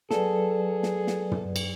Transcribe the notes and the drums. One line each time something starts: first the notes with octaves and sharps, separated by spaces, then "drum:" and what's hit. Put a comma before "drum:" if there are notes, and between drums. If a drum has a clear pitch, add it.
F#3 G#4 A4 B4 D5, drum: snare
drum: snare
drum: snare
drum: tom
drum: cymbal